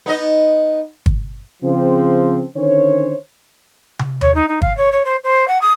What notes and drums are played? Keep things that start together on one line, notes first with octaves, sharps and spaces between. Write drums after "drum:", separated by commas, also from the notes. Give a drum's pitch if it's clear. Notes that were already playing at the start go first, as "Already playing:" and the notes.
B3 D#4 D#5
drum: kick
C#3 F3 C4
D3 D#3 C#4 C5 C#5
drum: tom
C#5, drum: tom D#2
D#4
D#4
F5, drum: kick
C#5
C#5
C5
C5
F#5
D#6